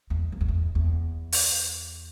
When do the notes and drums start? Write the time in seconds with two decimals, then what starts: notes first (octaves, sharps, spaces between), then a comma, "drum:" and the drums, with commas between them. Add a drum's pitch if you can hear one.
0.10 E2
0.32 E2
0.41 F2
0.48 E2
0.75 E2
1.32 drum: open hi-hat